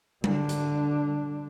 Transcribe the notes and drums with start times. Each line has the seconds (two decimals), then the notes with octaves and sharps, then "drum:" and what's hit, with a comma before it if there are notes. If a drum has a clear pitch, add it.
0.24 D3 D4, drum: tom G3
0.49 drum: hi-hat